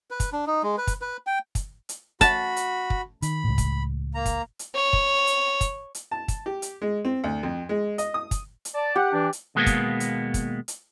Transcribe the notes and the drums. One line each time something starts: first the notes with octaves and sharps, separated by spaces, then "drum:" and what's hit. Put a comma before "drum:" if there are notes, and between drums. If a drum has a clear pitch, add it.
B4
drum: kick, hi-hat
D4
D#4
G#3
B4
drum: kick, hi-hat
B4
G5
drum: kick, hi-hat
drum: hi-hat
F#4 A5 B5, drum: kick, hi-hat
drum: hi-hat
drum: kick
D#3 B5, drum: hi-hat
C#2 A2
drum: kick, hi-hat
A#3 A#5
drum: kick, hi-hat
drum: hi-hat
C#5
drum: kick
drum: hi-hat
drum: kick, hi-hat
drum: hi-hat
A5
drum: kick, hi-hat
G4
drum: hi-hat
G#3
C4
D2
F2
G#3
D#5, drum: hi-hat
D#6
drum: kick, hi-hat
drum: hi-hat
D5 A5
G4 F#5
E3 D4
drum: hi-hat
D#2 B2 G#3 A#3 B3
drum: kick, hi-hat
drum: hi-hat
drum: kick, hi-hat
drum: hi-hat